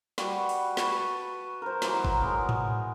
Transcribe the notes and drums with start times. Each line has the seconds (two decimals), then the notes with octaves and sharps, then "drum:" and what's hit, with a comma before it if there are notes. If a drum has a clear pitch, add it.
0.18 G3 F#4 B4, drum: snare
0.49 drum: open hi-hat
0.77 B4 F#5 A5 C#6, drum: snare
1.62 A#4 C5
1.82 E3 F#3, drum: snare
2.05 drum: kick G1
2.21 G#3 B3 A#4
2.49 drum: tom G#2